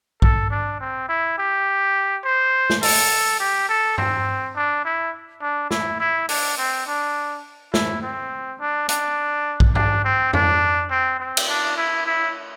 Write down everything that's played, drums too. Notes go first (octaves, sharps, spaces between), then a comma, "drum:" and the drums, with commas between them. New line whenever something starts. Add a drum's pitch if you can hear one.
A4, drum: kick A#1
D4
C4
E4
G4
C5
drum: snare
A4, drum: open hi-hat
G4
A4
C4, drum: tom G2
D4
E4
D4
E4, drum: snare
E4
D4, drum: open hi-hat
C4
D4
E4, drum: snare
C4
D4
D4, drum: hi-hat
drum: kick A#1
D4, drum: tom G2
C4
D4, drum: tom F2
C4
C4
drum: cymbal
D4
E4
E4